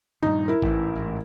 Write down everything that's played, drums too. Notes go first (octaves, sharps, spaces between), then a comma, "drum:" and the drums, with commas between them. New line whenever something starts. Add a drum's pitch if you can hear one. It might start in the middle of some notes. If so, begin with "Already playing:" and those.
G2 A#2 D#3 D#4
E4 A#4
A1 G#2 E3, drum: kick A1
A1 G#2